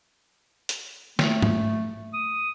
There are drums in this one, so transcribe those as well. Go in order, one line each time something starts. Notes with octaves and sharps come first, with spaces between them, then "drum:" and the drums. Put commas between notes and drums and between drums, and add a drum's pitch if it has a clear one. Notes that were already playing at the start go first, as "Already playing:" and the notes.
drum: hi-hat
A3, drum: snare
drum: tom G#2
D#6